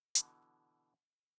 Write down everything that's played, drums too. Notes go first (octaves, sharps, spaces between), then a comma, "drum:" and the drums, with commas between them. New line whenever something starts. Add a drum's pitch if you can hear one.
B2 D3 E3, drum: hi-hat